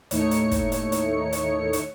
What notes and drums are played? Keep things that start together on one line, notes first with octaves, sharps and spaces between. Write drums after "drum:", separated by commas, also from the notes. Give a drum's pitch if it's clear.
D#2 A2 A3 D#4 C#5 C#7, drum: hi-hat
drum: hi-hat
drum: kick, hi-hat
drum: hi-hat
drum: hi-hat
drum: hi-hat
drum: hi-hat